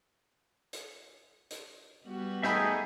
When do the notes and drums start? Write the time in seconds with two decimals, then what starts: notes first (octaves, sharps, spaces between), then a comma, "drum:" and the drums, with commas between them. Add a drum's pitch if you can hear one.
0.73 drum: hi-hat
1.50 drum: hi-hat
2.05 G3 B3 F#4
2.43 A3 D#4 G#4 E5 G5 G#5 B5, drum: snare